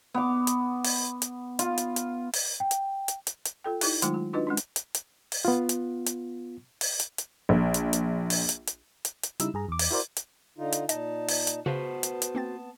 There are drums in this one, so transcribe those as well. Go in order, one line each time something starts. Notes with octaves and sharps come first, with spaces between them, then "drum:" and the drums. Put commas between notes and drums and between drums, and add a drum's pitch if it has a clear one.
B3 D6
drum: hi-hat
drum: open hi-hat
drum: hi-hat
F4, drum: hi-hat
drum: hi-hat
drum: hi-hat
drum: open hi-hat
G5
drum: hi-hat
drum: hi-hat
drum: hi-hat
drum: hi-hat
F4 A4 G5
D#4 E4 G4, drum: open hi-hat
D#3 F#3 G#3 A3 D#4 F4, drum: hi-hat
F4
D4 D#4 F4 F#4 B4 D#5
G#3 C#4 D4
drum: hi-hat
drum: hi-hat
drum: hi-hat
drum: open hi-hat
B3 F4
drum: hi-hat
drum: hi-hat
drum: open hi-hat
drum: hi-hat
drum: hi-hat
A#1
drum: hi-hat
drum: hi-hat
drum: open hi-hat
drum: hi-hat
drum: hi-hat
drum: hi-hat
drum: hi-hat
C#3 G3 D#4 E4 E6, drum: hi-hat
G2 G#4 A#5
E2 D6
drum: open hi-hat
E4 F#4 A#4 C5 D5
drum: hi-hat
D3 D#4 F4
drum: hi-hat
A#2 D#4 D#5 A5, drum: hi-hat
drum: open hi-hat
drum: hi-hat
C#3 B3 F#4 B4 C5 A5
drum: hi-hat
drum: hi-hat
A#3 C4 A6